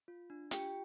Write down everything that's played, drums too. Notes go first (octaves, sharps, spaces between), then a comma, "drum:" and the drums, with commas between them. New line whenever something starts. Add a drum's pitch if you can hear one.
F4
D4
F4 G4 G5, drum: hi-hat